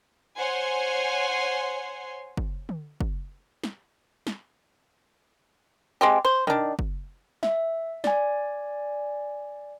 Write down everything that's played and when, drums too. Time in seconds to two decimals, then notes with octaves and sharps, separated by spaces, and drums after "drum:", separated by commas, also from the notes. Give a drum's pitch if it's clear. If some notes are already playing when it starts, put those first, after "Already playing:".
0.37 C5 C#5 F#5 G#5 C6
2.37 drum: kick
2.69 drum: tom D3
3.00 drum: kick
3.64 drum: snare
4.27 drum: snare
6.01 G#3 C4 G4
6.25 C5
6.47 D#3 D4, drum: tom B2
6.79 drum: kick
7.43 E5, drum: snare
8.04 D5 G#5, drum: snare